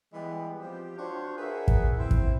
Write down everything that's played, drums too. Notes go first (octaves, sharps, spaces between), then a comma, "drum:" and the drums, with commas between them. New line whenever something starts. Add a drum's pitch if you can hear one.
E3 G3 G#3 B3 G4
F3 C4 G4
D4 F4 F#4 C5 C#5
G#4 A#4 B4 E5 F#5
drum: kick
C4 E4
drum: kick